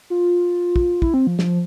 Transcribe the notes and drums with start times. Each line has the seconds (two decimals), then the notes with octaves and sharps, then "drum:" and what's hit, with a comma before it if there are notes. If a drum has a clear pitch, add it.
0.10 F4
0.76 drum: kick
1.02 E4, drum: kick
1.14 C4
1.27 F3
1.39 F3, drum: snare